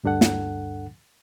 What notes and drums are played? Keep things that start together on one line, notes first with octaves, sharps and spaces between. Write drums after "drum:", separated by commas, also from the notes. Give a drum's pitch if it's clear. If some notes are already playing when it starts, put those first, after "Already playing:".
D2 G2 D4 A4 F#5
drum: snare